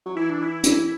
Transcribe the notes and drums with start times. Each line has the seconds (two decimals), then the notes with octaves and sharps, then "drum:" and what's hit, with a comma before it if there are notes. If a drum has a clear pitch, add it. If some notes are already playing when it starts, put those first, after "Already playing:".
0.06 F#3
0.16 E3 E4
0.30 D4
0.41 E3 E4
0.64 E3, drum: hi-hat